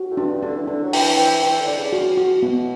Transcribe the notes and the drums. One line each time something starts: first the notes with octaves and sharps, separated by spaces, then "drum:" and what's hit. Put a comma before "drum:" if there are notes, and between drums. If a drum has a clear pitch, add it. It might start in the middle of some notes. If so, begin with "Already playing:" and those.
Already playing: F#4
A2
G2 D4
D3 D4
E3
D3 D4
F#3
E3 G5, drum: open hi-hat
E3 G5
E3 G5
D3
D5
C#3
F#4
F#4
B2 B3